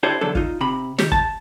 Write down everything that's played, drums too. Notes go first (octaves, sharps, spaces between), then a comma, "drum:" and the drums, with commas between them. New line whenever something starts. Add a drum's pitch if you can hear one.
D4 E4 G4 A4 C5 C#5
E2 D3 F#3 A4
D#4 F4, drum: kick F#1
C3 B5
D#3 G4 C#5, drum: snare
A5, drum: kick F#1